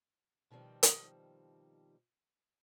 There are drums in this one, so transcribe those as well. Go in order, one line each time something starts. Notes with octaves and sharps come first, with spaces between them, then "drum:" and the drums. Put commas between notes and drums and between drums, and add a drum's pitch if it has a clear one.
B2 D#3 F3 G3 C4
drum: hi-hat